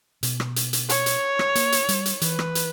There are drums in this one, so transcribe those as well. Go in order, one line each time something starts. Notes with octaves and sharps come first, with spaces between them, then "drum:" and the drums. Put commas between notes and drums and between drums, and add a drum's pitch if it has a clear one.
B2, drum: hi-hat
drum: rim click
drum: hi-hat
drum: hi-hat
C#5, drum: hi-hat
drum: hi-hat
drum: rim click
A#3, drum: hi-hat
drum: hi-hat
G3, drum: hi-hat
drum: hi-hat
E3 B4, drum: hi-hat
drum: rim click
drum: hi-hat